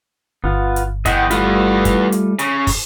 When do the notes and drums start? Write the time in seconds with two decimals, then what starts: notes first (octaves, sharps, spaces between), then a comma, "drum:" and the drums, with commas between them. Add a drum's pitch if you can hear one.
0.44 G1 B3 F4
0.76 drum: hi-hat
1.06 E2 D#5 F#5 G5, drum: kick, hi-hat
1.31 E3 G3 A3 B3 F4, drum: hi-hat
1.85 drum: kick, hi-hat
2.12 drum: hi-hat
2.39 C#3, drum: hi-hat
2.67 drum: kick, open hi-hat